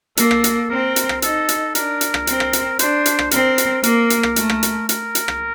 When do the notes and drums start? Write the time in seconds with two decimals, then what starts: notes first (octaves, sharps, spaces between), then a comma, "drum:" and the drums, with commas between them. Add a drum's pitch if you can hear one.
0.17 A#3 A4, drum: hi-hat
0.31 drum: rim click
0.44 drum: hi-hat
0.70 C4 A#4
0.96 drum: hi-hat
1.09 drum: rim click
1.22 D#4 A4, drum: hi-hat
1.49 drum: hi-hat
1.75 D4 A#4, drum: hi-hat
2.01 drum: hi-hat
2.14 drum: rim click
2.27 C4, drum: hi-hat
2.40 drum: rim click
2.53 drum: hi-hat
2.79 D4 C5, drum: hi-hat
3.06 drum: hi-hat
3.19 drum: rim click
3.31 C4 A#4, drum: hi-hat
3.58 drum: hi-hat
3.83 A#3 A#4, drum: hi-hat
4.10 drum: hi-hat
4.23 drum: rim click
4.36 A3, drum: hi-hat
4.50 drum: rim click
4.63 drum: hi-hat
4.89 A#4, drum: hi-hat
5.15 drum: hi-hat
5.28 drum: rim click